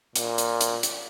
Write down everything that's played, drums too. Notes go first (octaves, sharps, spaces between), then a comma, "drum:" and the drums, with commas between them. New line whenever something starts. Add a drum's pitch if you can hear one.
A#2, drum: hi-hat
drum: hi-hat
drum: hi-hat
drum: hi-hat